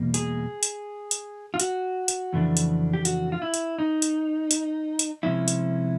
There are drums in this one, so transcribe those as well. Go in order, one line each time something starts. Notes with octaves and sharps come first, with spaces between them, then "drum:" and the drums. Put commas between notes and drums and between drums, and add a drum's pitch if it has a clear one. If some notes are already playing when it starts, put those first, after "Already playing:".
Already playing: E2 B2 G3 A#3
G#4, drum: hi-hat
drum: hi-hat
drum: hi-hat
F4
F#4, drum: hi-hat
drum: hi-hat
F2 C#3 E3 A3 D4
drum: hi-hat
G4
F#4, drum: hi-hat
F4
E4
drum: hi-hat
D#4
drum: hi-hat
drum: hi-hat
drum: hi-hat
C3 F3 G#3 C#4 E4
drum: hi-hat